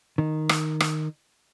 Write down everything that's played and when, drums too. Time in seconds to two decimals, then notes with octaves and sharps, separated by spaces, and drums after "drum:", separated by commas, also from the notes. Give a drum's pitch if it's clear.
0.18 D#3
0.49 drum: rim click
0.80 drum: rim click